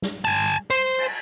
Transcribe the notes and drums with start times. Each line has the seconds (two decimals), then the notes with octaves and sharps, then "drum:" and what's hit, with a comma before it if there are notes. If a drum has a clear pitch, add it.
0.02 drum: snare
0.25 G#5 A5
0.70 C5, drum: hi-hat
0.98 drum: cymbal